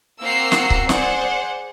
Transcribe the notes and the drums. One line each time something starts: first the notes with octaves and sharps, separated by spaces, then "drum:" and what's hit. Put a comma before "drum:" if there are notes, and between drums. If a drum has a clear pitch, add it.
A#3 C4 F#4 A#5 E6 C7
drum: snare
drum: kick C#1
G#4 C5 D5 F#5, drum: snare